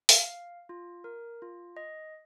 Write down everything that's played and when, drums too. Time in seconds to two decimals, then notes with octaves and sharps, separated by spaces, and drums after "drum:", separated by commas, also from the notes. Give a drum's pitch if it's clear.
0.09 F5, drum: open hi-hat
0.69 F4
1.04 A#4
1.42 F4
1.77 D#5